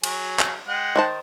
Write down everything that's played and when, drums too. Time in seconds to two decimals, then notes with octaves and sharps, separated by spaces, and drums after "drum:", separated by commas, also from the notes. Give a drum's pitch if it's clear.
0.04 F#3 G#4, drum: cymbal
0.39 drum: clap
0.68 G#3 F#5 G5
0.96 D#3 C5 A5